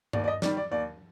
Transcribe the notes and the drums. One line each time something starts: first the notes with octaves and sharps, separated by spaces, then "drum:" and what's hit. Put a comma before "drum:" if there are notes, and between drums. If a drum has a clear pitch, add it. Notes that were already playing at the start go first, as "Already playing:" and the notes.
D#2 D5, drum: tom G2
D5
D#5
D#3 G3 D5, drum: snare
D5
D#2 D5